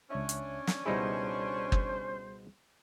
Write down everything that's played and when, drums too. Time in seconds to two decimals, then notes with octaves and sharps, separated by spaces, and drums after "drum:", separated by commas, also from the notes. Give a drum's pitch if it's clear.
0.11 C#2 C#4 D4 C#5 E5
0.29 drum: hi-hat
0.67 drum: snare
0.86 C#2 B2 G3 D#4 E4 G#4 C5
1.72 drum: kick